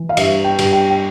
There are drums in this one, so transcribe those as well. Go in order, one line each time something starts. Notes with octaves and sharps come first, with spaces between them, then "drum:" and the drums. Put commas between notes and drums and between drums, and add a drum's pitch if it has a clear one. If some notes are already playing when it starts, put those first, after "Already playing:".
Already playing: E3
F5
G2 E5, drum: cymbal
G5
G2, drum: cymbal
G5
G5